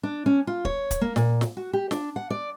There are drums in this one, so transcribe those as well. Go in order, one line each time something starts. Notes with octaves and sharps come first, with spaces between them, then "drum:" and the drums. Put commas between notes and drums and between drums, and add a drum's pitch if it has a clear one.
D4
C#4
F4
C#5, drum: kick
drum: kick, hi-hat
A#3
A#2, drum: snare
drum: snare
F#4
G4
D4, drum: snare
F#5
D5